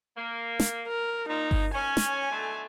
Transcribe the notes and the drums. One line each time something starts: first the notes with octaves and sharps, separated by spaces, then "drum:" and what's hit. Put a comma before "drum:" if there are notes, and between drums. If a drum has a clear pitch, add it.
A#3
drum: snare
A#4
A#2 D#4
drum: kick G1
C#4 G#5
drum: snare
B2 D3 A3